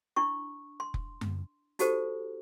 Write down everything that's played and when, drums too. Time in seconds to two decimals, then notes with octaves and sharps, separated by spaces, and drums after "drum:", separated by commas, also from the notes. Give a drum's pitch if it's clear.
0.16 D4 E4 C#6
0.80 C6
0.94 drum: kick F1
1.21 drum: tom F#2
1.79 D#4 F#4 G4 A4 C5, drum: hi-hat